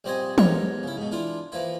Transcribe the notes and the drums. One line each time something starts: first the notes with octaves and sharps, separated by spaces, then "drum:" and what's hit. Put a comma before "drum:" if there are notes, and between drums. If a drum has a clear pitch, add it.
A#1 G3 C4 D5 D#5 G#5
G#2 B3 G4 A#4 C#5 C#6, drum: tom E3
C#3 E4
G#2 B2
E3 D4 E4 F4
E3 F3 A#3 E4